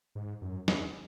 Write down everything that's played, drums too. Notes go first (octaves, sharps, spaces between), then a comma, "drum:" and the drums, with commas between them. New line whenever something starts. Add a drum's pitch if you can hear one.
G#2
F#2
E2, drum: snare